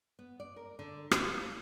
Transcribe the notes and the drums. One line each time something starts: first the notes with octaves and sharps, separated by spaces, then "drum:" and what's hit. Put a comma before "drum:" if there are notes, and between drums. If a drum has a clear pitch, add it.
B3
D5
A#4
D3
F4, drum: rim click
F4